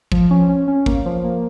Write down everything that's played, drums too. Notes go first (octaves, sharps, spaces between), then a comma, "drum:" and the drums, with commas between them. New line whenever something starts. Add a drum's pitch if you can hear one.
F3, drum: kick
C#4
C#4
C#4
A#3, drum: kick
F3
A#3